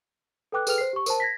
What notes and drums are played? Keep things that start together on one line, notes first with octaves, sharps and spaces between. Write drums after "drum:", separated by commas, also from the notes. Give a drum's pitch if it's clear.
A4 B4 G5 D6 F#6
G#4 A4 B4 G5 F6 F7, drum: tambourine
C5 C7
G4 C#6
A#4 C5 A5, drum: tambourine
G#6 A#6 B6